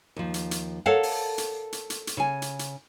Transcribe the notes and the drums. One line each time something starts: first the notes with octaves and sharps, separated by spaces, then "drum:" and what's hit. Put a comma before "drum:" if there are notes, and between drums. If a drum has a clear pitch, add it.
D#2 F3
drum: hi-hat
drum: hi-hat
A4 A#4 C#5 F5 F#5 A5
drum: open hi-hat
drum: hi-hat
drum: hi-hat
drum: hi-hat
drum: hi-hat
C#3 G#5
drum: hi-hat
drum: hi-hat